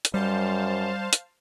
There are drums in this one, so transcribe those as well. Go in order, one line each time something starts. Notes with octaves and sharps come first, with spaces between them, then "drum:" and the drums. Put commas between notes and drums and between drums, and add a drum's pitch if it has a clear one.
drum: hi-hat
F#2 G3 C5 F5 A5
drum: hi-hat